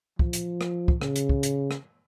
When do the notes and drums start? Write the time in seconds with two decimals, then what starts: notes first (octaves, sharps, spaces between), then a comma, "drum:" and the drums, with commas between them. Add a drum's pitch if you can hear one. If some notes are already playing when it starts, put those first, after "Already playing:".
0.19 F3, drum: kick
0.33 drum: hi-hat
0.61 drum: rim click
0.88 drum: kick
1.01 C#3, drum: rim click
1.16 drum: hi-hat
1.29 drum: kick
1.43 drum: hi-hat
1.71 drum: rim click